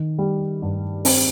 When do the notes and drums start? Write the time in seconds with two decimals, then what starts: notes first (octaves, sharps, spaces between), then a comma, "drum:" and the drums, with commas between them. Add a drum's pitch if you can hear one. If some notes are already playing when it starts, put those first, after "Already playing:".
Already playing: D#3
0.18 G3
0.62 G2
1.05 C4, drum: open hi-hat